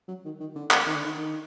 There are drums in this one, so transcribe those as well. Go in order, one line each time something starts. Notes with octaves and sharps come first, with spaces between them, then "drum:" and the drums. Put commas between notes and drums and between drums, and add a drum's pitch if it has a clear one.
F#3
D#3
D#3
D3
drum: clap
D#3
D3
D#3
D#3